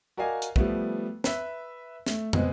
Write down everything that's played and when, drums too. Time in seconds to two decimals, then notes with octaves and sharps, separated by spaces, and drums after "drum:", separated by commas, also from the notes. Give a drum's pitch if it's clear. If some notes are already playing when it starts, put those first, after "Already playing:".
0.17 F#4 A#4 D5 D#5 F5 G#5
0.42 drum: hi-hat
0.56 F3 G3 A3 B3, drum: kick
1.24 B4 E5, drum: snare
2.06 A3, drum: snare
2.33 B2 G#3 B3 C4, drum: tom